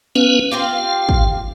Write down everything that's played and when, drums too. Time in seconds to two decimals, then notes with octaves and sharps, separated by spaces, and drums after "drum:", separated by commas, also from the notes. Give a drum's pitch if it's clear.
0.15 B3 C#4 B4 F5
0.51 C4 F4 G4 F5
1.09 drum: kick